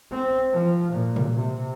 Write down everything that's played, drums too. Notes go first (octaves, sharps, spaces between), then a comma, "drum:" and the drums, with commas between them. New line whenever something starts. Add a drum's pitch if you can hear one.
C4
F3
A#2
drum: tom A#2
C3